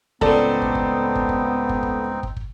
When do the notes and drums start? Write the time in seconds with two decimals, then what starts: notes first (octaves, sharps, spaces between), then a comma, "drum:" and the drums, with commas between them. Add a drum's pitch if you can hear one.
0.21 C#2 A2 B3 C4 D#4 A4 D5, drum: kick
0.62 drum: kick
0.75 drum: kick
1.15 drum: kick
1.29 drum: kick
1.69 drum: kick
1.83 drum: kick
2.23 drum: kick
2.37 drum: kick